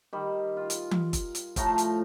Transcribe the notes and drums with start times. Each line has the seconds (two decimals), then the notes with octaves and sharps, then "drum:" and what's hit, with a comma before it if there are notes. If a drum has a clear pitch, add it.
0.13 D#3 G3
0.57 F4
0.70 drum: hi-hat
0.91 drum: tom E3
1.13 drum: kick, hi-hat
1.35 drum: hi-hat
1.56 A2 F3 A3 A#5, drum: kick, hi-hat
1.78 drum: hi-hat